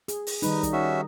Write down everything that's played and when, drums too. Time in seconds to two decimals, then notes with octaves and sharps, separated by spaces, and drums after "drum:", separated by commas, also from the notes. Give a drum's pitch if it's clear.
0.08 G#4, drum: hi-hat
0.27 drum: open hi-hat
0.42 D#3 G3 D#4 B4, drum: hi-hat
0.63 drum: kick, hi-hat
0.72 C#4 F#4 E5